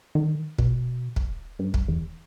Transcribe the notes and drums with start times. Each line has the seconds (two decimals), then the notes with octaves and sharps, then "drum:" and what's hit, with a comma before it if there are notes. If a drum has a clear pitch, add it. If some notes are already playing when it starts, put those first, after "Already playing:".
0.15 D#3
0.58 B2, drum: kick
1.16 drum: kick
1.59 G2
1.74 drum: kick
1.88 E2